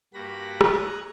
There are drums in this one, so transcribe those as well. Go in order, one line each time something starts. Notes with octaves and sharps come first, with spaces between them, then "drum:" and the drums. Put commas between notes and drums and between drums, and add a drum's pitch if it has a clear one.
G2 G3 A#3 F#4 B5 A#6
drum: rim click
A#5 D#6 F#6 G#6